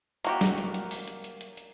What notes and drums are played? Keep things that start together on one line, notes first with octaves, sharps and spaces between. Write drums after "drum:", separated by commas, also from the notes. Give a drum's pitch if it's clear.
A#3 F#4 G4, drum: hi-hat
drum: snare
drum: hi-hat
drum: hi-hat
drum: open hi-hat
drum: hi-hat
drum: hi-hat
drum: hi-hat
drum: hi-hat